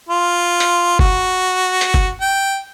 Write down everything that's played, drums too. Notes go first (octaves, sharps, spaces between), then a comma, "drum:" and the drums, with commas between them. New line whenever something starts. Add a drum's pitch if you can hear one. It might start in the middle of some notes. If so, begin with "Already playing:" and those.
F4
drum: hi-hat
F#4, drum: kick F#1
drum: hi-hat
drum: kick F#1
G5